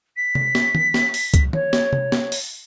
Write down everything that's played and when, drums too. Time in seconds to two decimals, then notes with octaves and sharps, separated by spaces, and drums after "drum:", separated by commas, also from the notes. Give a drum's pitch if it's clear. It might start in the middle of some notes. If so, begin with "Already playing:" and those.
0.16 B6
0.35 drum: tom C3
0.55 drum: snare
0.75 drum: tom D#3
0.94 drum: snare
1.14 drum: open hi-hat
1.34 drum: kick C#2, hi-hat
1.53 C#5, drum: tom D#3
1.73 drum: snare
1.93 drum: tom C3
2.12 drum: snare
2.32 drum: open hi-hat